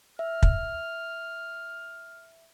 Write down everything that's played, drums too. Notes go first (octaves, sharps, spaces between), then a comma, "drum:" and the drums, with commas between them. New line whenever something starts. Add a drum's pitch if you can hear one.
E5 F6
drum: kick